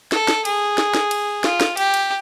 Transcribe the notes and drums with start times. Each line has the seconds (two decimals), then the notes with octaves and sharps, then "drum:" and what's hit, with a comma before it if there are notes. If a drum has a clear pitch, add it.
0.12 A4, drum: snare
0.28 drum: snare
0.45 G#4, drum: cymbal
0.78 drum: snare
0.95 drum: snare
1.11 drum: cymbal
1.44 F4, drum: snare
1.61 drum: snare
1.77 G4, drum: cymbal
1.94 drum: cymbal